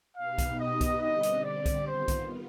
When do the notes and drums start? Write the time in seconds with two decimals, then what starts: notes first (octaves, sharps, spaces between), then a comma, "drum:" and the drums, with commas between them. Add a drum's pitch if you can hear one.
0.17 B2 B3 D#4 G4 B4 F5
0.38 drum: kick B1, hi-hat
0.60 D#5
0.81 drum: kick B1, hi-hat
1.01 D3 G3 C4 G4 D#5
1.23 drum: hi-hat
1.44 D5
1.66 drum: kick B1, hi-hat
1.87 D#3 B3 F4 C5
2.08 drum: kick B1, hi-hat